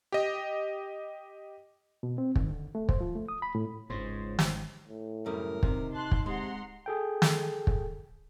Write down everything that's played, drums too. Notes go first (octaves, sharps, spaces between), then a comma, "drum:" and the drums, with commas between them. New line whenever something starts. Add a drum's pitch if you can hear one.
G4 D#5
B2
C4
D#3, drum: kick
D3
A3
C5, drum: kick
F3
A3
D#6
B5
A2
G1 C#2 G#2 C5 C#5 C6
drum: snare
A2
F#2 C#3 G3 A#4
C3 D#4, drum: kick
A5 C6 F#6
drum: kick
C3 G#3 F#5 A#5 C6
G#4 A4 G5
drum: snare
drum: kick